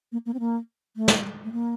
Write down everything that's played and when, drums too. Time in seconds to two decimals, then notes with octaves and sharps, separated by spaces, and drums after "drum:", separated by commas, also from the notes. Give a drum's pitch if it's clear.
0.12 A#3
0.26 A#3
0.34 C4
0.40 A#3
0.96 A3
1.08 drum: snare
1.44 A3
1.52 A#3